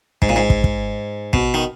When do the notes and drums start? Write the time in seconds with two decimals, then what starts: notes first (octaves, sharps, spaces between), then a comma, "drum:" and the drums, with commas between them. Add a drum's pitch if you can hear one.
0.22 G#2, drum: kick
0.29 A#2
0.36 G#2
0.50 drum: kick
0.64 drum: kick
1.33 B2, drum: kick
1.54 D#3